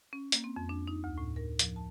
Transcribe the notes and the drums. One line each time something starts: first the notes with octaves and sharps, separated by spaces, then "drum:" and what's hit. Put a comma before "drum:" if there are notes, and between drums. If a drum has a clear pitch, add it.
C#4
A#3, drum: hi-hat
C4
F2
D4
D#4
D2
A2
A#4
F3, drum: hi-hat
A5